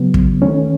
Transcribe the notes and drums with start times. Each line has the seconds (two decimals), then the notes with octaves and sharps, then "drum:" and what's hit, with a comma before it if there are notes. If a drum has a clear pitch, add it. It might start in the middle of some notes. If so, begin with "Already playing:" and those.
Already playing: C#3 F#3 B3
0.14 drum: kick
0.42 E2 D#3 A3 C#4